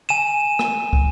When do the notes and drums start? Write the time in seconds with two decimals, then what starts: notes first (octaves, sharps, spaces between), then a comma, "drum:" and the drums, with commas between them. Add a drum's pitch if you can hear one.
0.09 G#5 D#7 E7
0.59 drum: rim click
0.93 drum: kick